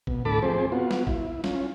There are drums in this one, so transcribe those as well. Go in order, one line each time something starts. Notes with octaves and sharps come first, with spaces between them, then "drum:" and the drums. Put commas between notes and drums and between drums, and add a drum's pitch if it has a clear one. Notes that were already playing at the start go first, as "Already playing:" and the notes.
B2, drum: kick G#1
D2 A2 A4 A5 B5 D6
F3 C4 G#4 C5
B3 F4 F#4
drum: snare
E4, drum: kick G#1
C#4 F4, drum: snare